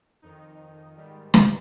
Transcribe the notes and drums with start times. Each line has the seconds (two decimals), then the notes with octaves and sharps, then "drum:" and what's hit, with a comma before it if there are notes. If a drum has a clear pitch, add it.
0.22 F2 D#3 D#4
0.96 G#2 D#3 G3
1.34 drum: snare